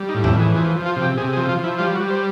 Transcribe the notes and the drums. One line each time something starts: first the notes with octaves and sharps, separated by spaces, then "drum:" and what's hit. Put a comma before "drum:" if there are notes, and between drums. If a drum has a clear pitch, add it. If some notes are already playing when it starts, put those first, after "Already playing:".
Already playing: G3
D#4
A2
E4, drum: tom E2
E3 G#4
F3 G#4
F3
F4
C3
G4
C3 G#4
G#4
F3
F4
F3
E4
G3 F4
F#4
G3
C5